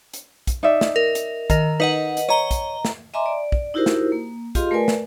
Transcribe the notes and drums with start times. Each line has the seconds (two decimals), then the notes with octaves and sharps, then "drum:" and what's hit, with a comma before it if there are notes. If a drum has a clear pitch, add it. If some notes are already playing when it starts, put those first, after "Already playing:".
0.14 drum: hi-hat
0.47 drum: kick, hi-hat
0.63 D#4 D5 E5
0.81 drum: snare
0.96 A#4
1.15 drum: hi-hat
1.50 D#3 A#4, drum: kick, hi-hat
1.80 D#4 B4 D#5 F#5
2.17 drum: hi-hat
2.29 C#5 D#5 A#5 G7
2.51 drum: kick, hi-hat
2.85 drum: snare
3.14 D#5 E5 G#5 A#5 C6 D6
3.26 D5
3.52 drum: kick
3.74 D#4 E4 F#4 G4 A#4 C5
3.86 drum: snare
4.12 A#3
4.55 F4 G4 G#4 D#5 F5 C6, drum: kick, hi-hat
4.71 A3 A#4 B4 D5 G#5
4.88 drum: snare